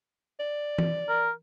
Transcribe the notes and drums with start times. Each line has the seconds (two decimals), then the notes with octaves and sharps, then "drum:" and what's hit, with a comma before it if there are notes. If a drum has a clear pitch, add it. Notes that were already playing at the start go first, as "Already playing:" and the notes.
0.40 D5
0.78 drum: tom E3
1.09 A#4